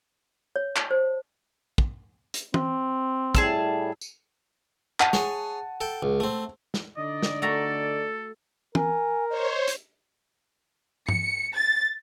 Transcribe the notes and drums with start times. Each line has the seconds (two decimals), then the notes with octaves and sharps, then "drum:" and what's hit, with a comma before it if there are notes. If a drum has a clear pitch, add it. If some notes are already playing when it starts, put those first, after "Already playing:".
0.56 C#5
0.76 A5, drum: clap
0.91 C5
1.78 drum: kick
2.34 drum: hi-hat
2.54 C4, drum: tom
3.35 A2 G3 G#4 A5 E6, drum: kick
4.01 drum: tambourine
5.00 F#5 A5 D#7, drum: clap
5.13 G#4 C#5, drum: snare
5.81 A4 G5
6.03 C#2
6.20 A3 C4
6.74 drum: snare
6.97 D3 D#4 D5 D#5
7.23 drum: snare
7.42 A3 F#4 A4 A#5
8.75 A#4 G#5, drum: tom
9.29 C5 C#5 D#5
9.68 drum: hi-hat
11.09 C#7, drum: tom G2
11.53 A6